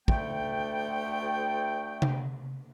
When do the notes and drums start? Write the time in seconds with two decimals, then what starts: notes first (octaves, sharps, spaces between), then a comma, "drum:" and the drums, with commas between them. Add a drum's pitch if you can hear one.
0.08 D2 A3 G5, drum: kick
2.02 drum: tom C3